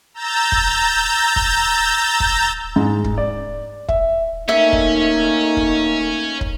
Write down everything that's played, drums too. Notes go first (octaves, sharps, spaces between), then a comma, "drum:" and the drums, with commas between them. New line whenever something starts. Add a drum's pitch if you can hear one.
A#5 E6 G6 A6
drum: kick
drum: kick
drum: kick
G#2
drum: kick
D5
E5, drum: kick
A3 A#3 C#4 D#4 E5
drum: kick
drum: kick
drum: kick